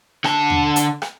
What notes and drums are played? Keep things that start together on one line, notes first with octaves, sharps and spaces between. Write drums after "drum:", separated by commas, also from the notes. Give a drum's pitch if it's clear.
D3 A5, drum: rim click
drum: tom D#2
drum: hi-hat
drum: rim click